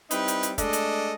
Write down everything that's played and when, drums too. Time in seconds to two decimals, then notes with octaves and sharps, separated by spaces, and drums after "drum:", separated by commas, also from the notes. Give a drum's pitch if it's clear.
0.11 G3 C4 D#4 E4 B4, drum: hi-hat
0.28 drum: hi-hat
0.43 drum: hi-hat
0.58 G#3 A3 D4 A4 D#5, drum: kick, hi-hat
0.73 drum: hi-hat